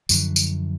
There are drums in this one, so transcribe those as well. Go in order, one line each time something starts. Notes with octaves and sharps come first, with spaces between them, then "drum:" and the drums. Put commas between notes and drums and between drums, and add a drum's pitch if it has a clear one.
F#2 D3 F3, drum: tambourine
drum: tambourine